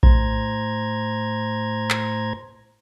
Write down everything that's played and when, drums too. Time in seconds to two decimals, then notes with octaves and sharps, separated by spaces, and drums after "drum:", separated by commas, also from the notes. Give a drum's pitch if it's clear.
0.03 A2 C5 A#5 G#6, drum: kick A#1
1.90 drum: clap